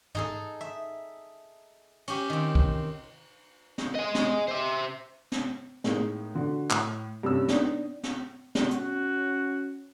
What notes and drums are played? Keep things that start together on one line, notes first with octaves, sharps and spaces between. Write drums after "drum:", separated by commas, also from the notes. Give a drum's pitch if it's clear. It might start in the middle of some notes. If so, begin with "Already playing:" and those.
D#4 G#4 A4, drum: tom
E5
C#4 G4, drum: cymbal
D#3 C4
drum: kick
drum: snare
D#5 G#5
drum: snare
C5 E5
drum: snare
A2 G#3 A#3 D#4, drum: snare
D3 F#4
A2, drum: clap
G2 C3 C#4 E6
B3 D4 D#4, drum: snare
drum: snare
drum: snare
C#4 F#4, drum: hi-hat